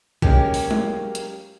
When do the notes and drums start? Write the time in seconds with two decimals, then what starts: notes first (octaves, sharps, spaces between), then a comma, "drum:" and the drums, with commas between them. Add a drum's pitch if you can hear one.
0.22 F#3 G#3 A#3 C#4 G4 G#4, drum: kick
0.54 drum: open hi-hat
0.71 drum: tom G#3
1.15 drum: hi-hat